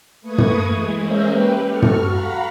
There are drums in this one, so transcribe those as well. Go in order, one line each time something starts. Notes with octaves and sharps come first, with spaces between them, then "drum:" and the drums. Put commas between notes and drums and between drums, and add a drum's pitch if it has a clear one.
A3 A#3 B4 C#6 D#6 G#6
drum: tom
E3 G#3
G#3 A#3 C#4 A#4 C5 E5
G4 B4 G5
F#4 A4 C#6 F6
drum: tom
F5 F#5 A#5 B5